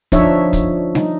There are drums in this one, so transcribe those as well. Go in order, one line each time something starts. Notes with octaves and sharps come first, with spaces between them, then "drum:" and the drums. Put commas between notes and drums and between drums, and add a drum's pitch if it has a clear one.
F3 D4 D#4 C#5 E5, drum: kick, hi-hat
drum: kick, hi-hat
D#4, drum: snare G3